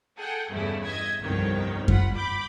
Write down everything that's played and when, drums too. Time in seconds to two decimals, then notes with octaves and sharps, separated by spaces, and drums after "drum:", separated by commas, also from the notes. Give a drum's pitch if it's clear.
0.18 G#4 A4 F#5 G5
0.51 E2 G2 C#3 A3 C#4 E4
0.83 D#5 E5 G#6
1.21 G1 C2 F2 D#3 C#5 G5
1.88 F4 F#5 B5, drum: kick F#2
2.16 B5 D6 G6